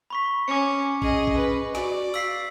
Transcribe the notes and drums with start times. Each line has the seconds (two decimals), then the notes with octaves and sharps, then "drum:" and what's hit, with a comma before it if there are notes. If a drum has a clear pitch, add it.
0.10 B5 C#6 B6
0.48 C#4 D6 C#7
1.02 C#4 G#4 D#5, drum: kick A1
1.27 drum: kick A1
1.37 B4
1.75 F#4 D5 G#5, drum: snare
2.14 F5 E6 B6 C7, drum: open hi-hat